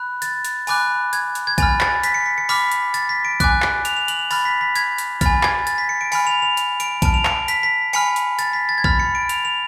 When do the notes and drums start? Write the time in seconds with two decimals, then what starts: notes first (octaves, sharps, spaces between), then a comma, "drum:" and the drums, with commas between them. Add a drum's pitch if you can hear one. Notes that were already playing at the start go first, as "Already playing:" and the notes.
Already playing: B5 F#6
0.22 A6, drum: hi-hat
0.45 drum: hi-hat
0.67 G#5 B5 D6 F#6, drum: open hi-hat
1.13 G#6, drum: hi-hat
1.35 drum: hi-hat
1.47 G#6
1.58 G#5 B5 F6 A6, drum: kick A#1, hi-hat
1.81 A6, drum: clap
2.03 B6, drum: hi-hat
2.14 C#7
2.26 B6
2.38 C#7
2.49 B5 D6 F6 B6, drum: open hi-hat
2.71 drum: hi-hat
2.94 A6, drum: hi-hat
3.09 B6
3.25 D7
3.40 G#5 D6 F#6, drum: kick A#1, hi-hat
3.62 drum: clap
3.85 F7, drum: hi-hat
3.97 F7
4.08 F#7, drum: hi-hat
4.19 F7
4.31 B5 F6 A6, drum: open hi-hat
4.45 B6
4.61 B6
4.76 G#6, drum: hi-hat
4.98 drum: hi-hat
5.21 G#5 B5 F6 A6, drum: kick A#1, hi-hat
5.43 G#6, drum: clap
5.67 A6, drum: hi-hat
5.78 B6
5.89 C#7
6.01 D7
6.12 G#5 B5 F6 C#7, drum: open hi-hat
6.27 F7
6.42 F7
6.57 drum: hi-hat
6.80 D7, drum: hi-hat
7.02 A5 F6 D7, drum: kick A#1, hi-hat
7.14 F7
7.25 D7, drum: clap
7.48 B6, drum: hi-hat
7.63 B6
7.93 G#5 B5 F6 C#7, drum: open hi-hat
8.16 drum: hi-hat
8.39 A6, drum: hi-hat
8.53 B6
8.69 A6
8.78 G#6
8.84 B5 F6 A6, drum: kick A#1
8.99 C#7
9.15 D7
9.29 F7, drum: hi-hat
9.45 F7